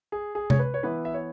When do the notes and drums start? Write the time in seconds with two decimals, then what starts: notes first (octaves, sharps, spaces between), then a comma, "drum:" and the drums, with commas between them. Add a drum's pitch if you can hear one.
0.12 G#4
0.35 G#4
0.50 C#5, drum: tom C3
0.59 B4
0.74 C#5
0.83 E3 B3 E4 B4
1.05 E5
1.14 C#5